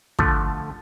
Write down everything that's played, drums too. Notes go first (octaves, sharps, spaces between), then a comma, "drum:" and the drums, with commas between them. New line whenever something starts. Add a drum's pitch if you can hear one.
D3 F3 A3, drum: kick